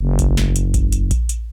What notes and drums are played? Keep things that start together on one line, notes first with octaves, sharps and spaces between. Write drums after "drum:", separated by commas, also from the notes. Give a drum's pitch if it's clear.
F#1
drum: kick A#1, hi-hat
drum: snare
drum: hi-hat
drum: kick A#1, hi-hat
drum: hi-hat
drum: kick A#1, hi-hat
drum: hi-hat